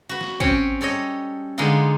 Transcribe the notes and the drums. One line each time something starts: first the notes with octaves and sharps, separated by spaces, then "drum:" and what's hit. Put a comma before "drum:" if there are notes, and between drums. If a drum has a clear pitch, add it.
F#4 B4
drum: snare
C4 C#4 C#5 G5, drum: kick
G3 A4 C#5 D#5
D3 G#3 B3 D#4 F4